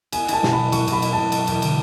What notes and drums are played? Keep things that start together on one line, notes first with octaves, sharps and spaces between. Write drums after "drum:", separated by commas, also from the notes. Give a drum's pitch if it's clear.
B3 G#5, drum: cymbal
E4 A5, drum: cymbal
B2, drum: snare
B5
F#3
F#3 C#6, drum: cymbal
B2 B5, drum: cymbal
E4, drum: cymbal
B2 A5
A3, drum: cymbal
E2, drum: cymbal
D3, drum: cymbal